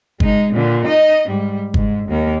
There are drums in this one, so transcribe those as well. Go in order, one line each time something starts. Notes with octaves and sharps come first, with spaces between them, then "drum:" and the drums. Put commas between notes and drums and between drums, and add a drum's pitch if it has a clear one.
G#3 D#4, drum: kick G1
A#2 D3
D#4 D#5
G#2 G3
G#2, drum: kick G1
D#2 A#3